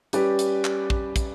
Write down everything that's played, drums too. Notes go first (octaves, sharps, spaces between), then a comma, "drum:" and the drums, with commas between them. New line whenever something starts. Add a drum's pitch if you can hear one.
G3 C#4 G4 B4 D5, drum: hi-hat
drum: hi-hat
drum: clap
drum: kick
drum: kick, hi-hat